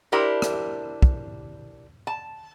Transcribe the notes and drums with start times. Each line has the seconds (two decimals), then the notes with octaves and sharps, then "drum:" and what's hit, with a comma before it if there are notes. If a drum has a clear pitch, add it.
0.12 D4 E4 G4 A#4 C5
0.42 drum: rim click
1.02 drum: kick
2.07 A5